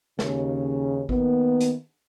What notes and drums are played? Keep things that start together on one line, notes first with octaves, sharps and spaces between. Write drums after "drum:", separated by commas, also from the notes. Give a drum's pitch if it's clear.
D#2 C#3, drum: snare
D#3 A#3 B3, drum: kick A1
drum: hi-hat